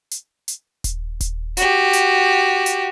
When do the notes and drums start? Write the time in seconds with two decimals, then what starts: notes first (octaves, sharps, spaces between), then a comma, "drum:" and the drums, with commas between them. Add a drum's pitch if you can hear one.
0.11 drum: hi-hat
0.48 drum: hi-hat
0.84 drum: kick D#1, hi-hat
1.20 drum: kick D#1, hi-hat
1.57 F#4 G4, drum: hi-hat
1.93 drum: hi-hat
2.66 drum: hi-hat